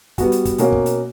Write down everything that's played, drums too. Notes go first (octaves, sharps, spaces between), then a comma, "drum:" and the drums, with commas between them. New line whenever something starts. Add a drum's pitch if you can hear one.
G3 B3 F#4, drum: kick, hi-hat
drum: hi-hat
drum: kick, hi-hat
B2 A#3 C#4 F#4, drum: hi-hat
drum: kick
drum: hi-hat